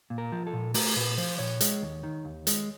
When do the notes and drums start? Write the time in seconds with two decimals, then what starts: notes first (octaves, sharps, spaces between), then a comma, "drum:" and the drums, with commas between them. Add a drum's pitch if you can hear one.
0.10 A#2
0.18 A#4
0.32 F3
0.47 A4
0.53 A#2
0.74 A3 A#4, drum: open hi-hat
0.96 A#2 B4
1.18 F3 C5
1.39 A#2 C#5
1.60 G#3, drum: hi-hat
1.82 D#2
2.03 D#3
2.25 D#2
2.47 G#3, drum: hi-hat